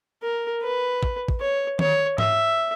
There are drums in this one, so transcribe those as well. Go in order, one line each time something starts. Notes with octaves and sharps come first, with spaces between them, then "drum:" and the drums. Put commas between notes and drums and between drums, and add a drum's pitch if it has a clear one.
A#4
B4
drum: kick
drum: kick
C#5
C#5, drum: tom D#3
E5, drum: tom G#2